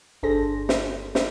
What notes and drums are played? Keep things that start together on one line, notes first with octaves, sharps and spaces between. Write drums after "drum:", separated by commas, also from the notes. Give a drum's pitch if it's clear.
G1 D4 G#4 A4 C5 A#6
drum: snare
drum: snare